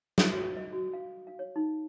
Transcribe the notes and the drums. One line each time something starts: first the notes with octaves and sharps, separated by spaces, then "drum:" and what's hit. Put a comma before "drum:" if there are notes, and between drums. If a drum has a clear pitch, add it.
E5, drum: snare
F#4
D#5
F#4
F5
F5
C#5
D#4